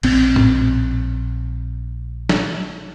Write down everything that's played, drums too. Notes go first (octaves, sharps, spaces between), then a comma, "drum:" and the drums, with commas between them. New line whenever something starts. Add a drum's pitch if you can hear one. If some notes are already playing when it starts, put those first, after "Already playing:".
A#1 C4, drum: cymbal
drum: tom A2
drum: snare